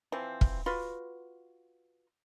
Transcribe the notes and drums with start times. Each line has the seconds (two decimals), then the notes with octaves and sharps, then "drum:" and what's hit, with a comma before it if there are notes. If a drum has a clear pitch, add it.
0.12 E3 F3 C4
0.41 drum: kick
0.66 F4 F#4 B4 C6